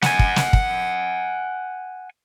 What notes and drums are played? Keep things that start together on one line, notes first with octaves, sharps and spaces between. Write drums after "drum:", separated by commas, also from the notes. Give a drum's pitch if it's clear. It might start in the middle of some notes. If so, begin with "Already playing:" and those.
F#5 G#5, drum: snare
drum: kick
drum: snare
drum: kick